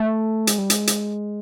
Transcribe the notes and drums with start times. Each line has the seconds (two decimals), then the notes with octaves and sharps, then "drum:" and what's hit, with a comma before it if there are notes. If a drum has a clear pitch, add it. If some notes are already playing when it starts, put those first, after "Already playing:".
Already playing: A3
0.47 G#3, drum: hi-hat
0.58 G3
0.70 G#3, drum: hi-hat
0.87 drum: hi-hat